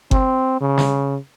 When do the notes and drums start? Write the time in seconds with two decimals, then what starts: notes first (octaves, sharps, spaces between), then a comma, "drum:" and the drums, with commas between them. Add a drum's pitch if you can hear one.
0.11 C4, drum: kick G1
0.61 C#3
0.78 drum: snare